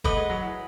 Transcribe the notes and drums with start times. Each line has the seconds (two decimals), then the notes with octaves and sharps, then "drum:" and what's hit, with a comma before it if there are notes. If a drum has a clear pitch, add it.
0.04 A3 B4 D#5 F#5, drum: kick
0.17 G#3
0.30 F#3
0.43 E3